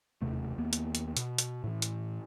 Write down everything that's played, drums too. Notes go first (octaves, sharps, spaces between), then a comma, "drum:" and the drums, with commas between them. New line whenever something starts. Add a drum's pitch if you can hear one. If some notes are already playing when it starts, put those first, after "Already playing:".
E1 D#2 C3 A3
D#2 A#3 B3
drum: hi-hat
drum: hi-hat
B2, drum: hi-hat
drum: hi-hat
A2 E3
drum: hi-hat